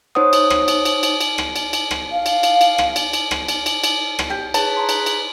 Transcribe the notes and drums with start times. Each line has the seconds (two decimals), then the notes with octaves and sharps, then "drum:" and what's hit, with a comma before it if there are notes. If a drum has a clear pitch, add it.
0.15 D#4 C5 C#5 F#5 D#6
0.33 drum: cymbal
0.50 drum: rim click
0.68 drum: cymbal
0.85 drum: cymbal
1.03 drum: cymbal
1.21 drum: cymbal
1.38 drum: rim click
1.56 drum: cymbal
1.73 drum: cymbal
1.91 drum: rim click
2.12 F5
2.26 drum: cymbal
2.43 drum: cymbal
2.61 drum: cymbal
2.78 drum: rim click
2.96 drum: cymbal
3.13 drum: cymbal
3.31 drum: rim click
3.48 drum: cymbal
3.66 drum: cymbal
3.84 drum: cymbal
4.19 drum: rim click
4.30 G4
4.54 G#4 B4 C#5 A5, drum: cymbal
4.77 A#5 C6
4.89 drum: cymbal
5.06 drum: cymbal